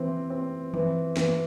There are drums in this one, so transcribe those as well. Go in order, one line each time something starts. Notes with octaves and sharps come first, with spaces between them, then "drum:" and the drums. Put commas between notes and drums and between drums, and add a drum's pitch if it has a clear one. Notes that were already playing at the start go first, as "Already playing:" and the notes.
Already playing: E3 C4
C4
E3, drum: tom E3
E3, drum: snare